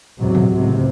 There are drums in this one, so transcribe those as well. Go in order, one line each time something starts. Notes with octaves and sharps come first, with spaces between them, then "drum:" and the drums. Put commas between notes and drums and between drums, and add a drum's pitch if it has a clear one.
E2 G#2 C3 F#3
drum: tom
C#2 A2 C3